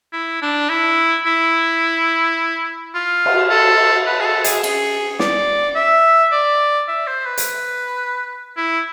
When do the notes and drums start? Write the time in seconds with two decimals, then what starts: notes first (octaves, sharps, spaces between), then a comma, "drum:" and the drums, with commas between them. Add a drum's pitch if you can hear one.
0.13 E4
0.42 D4
0.69 E4
1.26 E4
2.94 F4
3.26 drum: cymbal
3.50 A4
4.07 B4
4.20 G#4
4.25 A4
4.44 G#4, drum: hi-hat
4.63 G#4, drum: cymbal
5.19 D5, drum: snare
5.75 E5
6.32 D5
6.88 E5
7.07 C5
7.25 B4
7.38 drum: hi-hat
8.57 E4